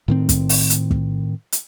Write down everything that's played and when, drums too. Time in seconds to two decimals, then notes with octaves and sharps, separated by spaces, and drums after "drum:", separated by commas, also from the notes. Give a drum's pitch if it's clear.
0.08 A2 D#3 C4
0.29 drum: kick, hi-hat
0.49 drum: open hi-hat
0.70 drum: hi-hat
0.91 drum: kick
1.52 drum: hi-hat